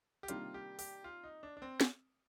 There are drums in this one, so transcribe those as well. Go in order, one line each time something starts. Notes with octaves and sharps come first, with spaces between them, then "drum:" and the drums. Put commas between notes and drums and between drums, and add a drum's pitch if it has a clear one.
G4
C3 D#3 G3 A#3 D4 F4, drum: hi-hat
G4
G4, drum: open hi-hat
F4
D#4
D4
D4
C4
drum: snare